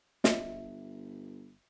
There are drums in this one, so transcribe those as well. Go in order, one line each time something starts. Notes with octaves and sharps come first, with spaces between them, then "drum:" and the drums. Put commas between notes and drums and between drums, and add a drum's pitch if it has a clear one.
G1 F4 D#5 E5, drum: snare